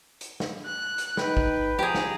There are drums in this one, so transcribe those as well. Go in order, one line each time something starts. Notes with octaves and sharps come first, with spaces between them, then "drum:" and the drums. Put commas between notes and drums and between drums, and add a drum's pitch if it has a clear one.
drum: hi-hat
drum: snare
F#6
drum: hi-hat
D#4 B4 G5, drum: snare
drum: kick
F3 G4 G#4 A#5
drum: snare